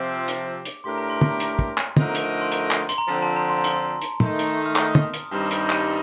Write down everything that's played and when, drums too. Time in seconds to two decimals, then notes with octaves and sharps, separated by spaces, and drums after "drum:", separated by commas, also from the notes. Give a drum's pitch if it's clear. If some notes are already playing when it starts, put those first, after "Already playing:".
Already playing: C3 F3 C4 D6
0.28 drum: hi-hat
0.65 drum: hi-hat
0.84 A2 A3 D4 G4 A#4 C6
0.98 A#5
1.10 C6
1.21 drum: tom
1.40 drum: hi-hat
1.59 drum: kick
1.77 drum: clap
1.97 D3 F3 A3 D#4 A#4, drum: tom
2.15 drum: hi-hat
2.41 C6
2.52 A#5, drum: hi-hat
2.71 drum: clap
2.89 C6, drum: hi-hat
2.98 A#5
3.08 D3 F3 C4 A5
3.22 A5
3.36 A#5
3.50 C6
3.58 A#5
3.64 C6, drum: hi-hat
4.02 drum: hi-hat
4.20 D#3 A3 D#4, drum: tom
4.39 drum: hi-hat
4.66 F6
4.76 D#6, drum: clap
4.95 drum: tom
5.14 drum: hi-hat
5.26 D#6
5.32 G2 D#3 G3 C4 D#4 F6
5.51 drum: hi-hat
5.70 drum: clap